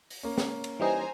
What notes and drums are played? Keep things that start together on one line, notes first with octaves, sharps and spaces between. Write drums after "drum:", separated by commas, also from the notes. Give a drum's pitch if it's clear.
drum: open hi-hat
A#3 C#4
drum: snare
drum: cymbal
E3 G3 D#4 C5 G#5 A#5